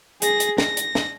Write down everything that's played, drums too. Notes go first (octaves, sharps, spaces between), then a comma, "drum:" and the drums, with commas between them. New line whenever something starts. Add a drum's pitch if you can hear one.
G#4 A#6, drum: hi-hat
drum: hi-hat
A#6, drum: snare
drum: hi-hat
drum: snare